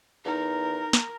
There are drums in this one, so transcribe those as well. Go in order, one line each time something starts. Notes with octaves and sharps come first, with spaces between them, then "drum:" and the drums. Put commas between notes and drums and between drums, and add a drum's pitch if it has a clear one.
E2 D#4 A#4
drum: snare